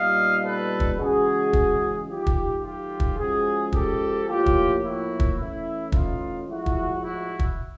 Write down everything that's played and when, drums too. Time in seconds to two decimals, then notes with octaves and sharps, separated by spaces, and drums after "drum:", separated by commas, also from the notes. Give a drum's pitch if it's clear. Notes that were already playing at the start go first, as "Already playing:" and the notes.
Already playing: A#2 G3 B3 D#4 D#5 F5
0.43 A4 B4
0.80 drum: kick
0.98 C#3 E3 G#3 C#4 F#4 G#4
1.53 drum: kick
2.08 D#3 F#3 A3 F4 G4
2.27 drum: kick
2.63 F4 G4
3.00 drum: kick
3.18 F3 G#3 C#4 F#4 G#4
3.72 G4 A4, drum: kick
4.27 A2 F3 A#3 F4 G4
4.46 drum: kick
4.82 E4 F#4
5.20 drum: kick
5.38 E3 A3 C#4 E4
5.92 D#4 F4, drum: kick
6.48 A2 F3 G#3 E4 F#4
6.66 drum: kick
7.02 E4 F#4
7.39 drum: kick